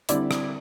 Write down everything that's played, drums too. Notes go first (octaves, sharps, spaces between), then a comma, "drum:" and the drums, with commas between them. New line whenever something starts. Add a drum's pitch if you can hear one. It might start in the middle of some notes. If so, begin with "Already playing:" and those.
D3 G3 C4 E4 D5, drum: hi-hat
drum: rim click